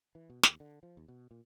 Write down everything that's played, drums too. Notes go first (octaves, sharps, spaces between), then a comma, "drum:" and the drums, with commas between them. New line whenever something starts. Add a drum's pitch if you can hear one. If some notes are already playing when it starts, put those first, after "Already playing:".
E3
B2
D#2, drum: snare
D3
F3
D#2
B2
A#2